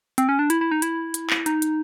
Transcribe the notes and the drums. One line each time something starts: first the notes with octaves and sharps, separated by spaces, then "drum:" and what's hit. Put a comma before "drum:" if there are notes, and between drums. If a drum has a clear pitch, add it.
C4, drum: hi-hat
C#4
D4
E4, drum: hi-hat
E4
D#4
E4, drum: hi-hat
drum: hi-hat
drum: clap
D#4, drum: hi-hat
drum: hi-hat